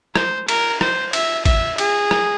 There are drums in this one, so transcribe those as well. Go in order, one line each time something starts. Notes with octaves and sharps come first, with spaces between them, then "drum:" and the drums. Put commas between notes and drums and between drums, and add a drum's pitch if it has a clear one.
C5, drum: rim click
A#4, drum: cymbal
C5, drum: rim click
E5, drum: cymbal
E5, drum: kick, cymbal
G#4, drum: cymbal
drum: rim click